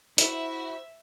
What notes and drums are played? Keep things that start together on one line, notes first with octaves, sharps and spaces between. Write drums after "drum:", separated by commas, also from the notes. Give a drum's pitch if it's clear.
E4 F#4 C5 E5, drum: hi-hat